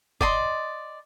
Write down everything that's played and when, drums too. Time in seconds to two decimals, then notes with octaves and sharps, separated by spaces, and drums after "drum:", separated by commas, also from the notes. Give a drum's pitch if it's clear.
0.21 D5 D#5 C6, drum: kick